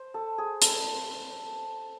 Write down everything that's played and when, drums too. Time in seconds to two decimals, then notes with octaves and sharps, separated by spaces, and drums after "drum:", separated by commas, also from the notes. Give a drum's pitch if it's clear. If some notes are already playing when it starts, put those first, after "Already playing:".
Already playing: C5
0.14 A4
0.38 G#4
0.62 A4, drum: hi-hat